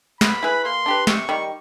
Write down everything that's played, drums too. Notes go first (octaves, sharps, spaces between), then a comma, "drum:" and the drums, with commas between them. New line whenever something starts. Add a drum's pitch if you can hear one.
B3 B5, drum: snare
E4 G#4 B4
A#3 C6
D4 G4 B4
C3 C#6, drum: snare
D#3 G3